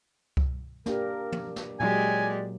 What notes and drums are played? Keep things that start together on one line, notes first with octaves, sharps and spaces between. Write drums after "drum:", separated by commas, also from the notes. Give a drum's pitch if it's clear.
drum: kick C2
A#3 D4 G4 A#4, drum: snare
drum: tom
drum: snare
A#2 F#3 G#3 G4 D5 G#5